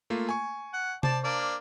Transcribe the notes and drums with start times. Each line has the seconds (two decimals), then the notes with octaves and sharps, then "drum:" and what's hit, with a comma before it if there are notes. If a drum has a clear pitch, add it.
0.10 A3 A#3 F4
0.29 G#5 C#6
0.74 F#5
1.03 C5 D5 A5, drum: tom C3
1.24 A#3 D4 D5